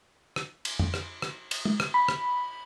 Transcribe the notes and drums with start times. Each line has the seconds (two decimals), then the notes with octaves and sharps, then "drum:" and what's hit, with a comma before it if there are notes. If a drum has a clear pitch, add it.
0.36 drum: rim click
0.65 drum: cymbal
0.79 drum: tom F2
0.94 drum: rim click
1.22 drum: rim click
1.51 drum: cymbal
1.65 drum: tom
1.80 drum: rim click
1.94 B5
2.09 drum: rim click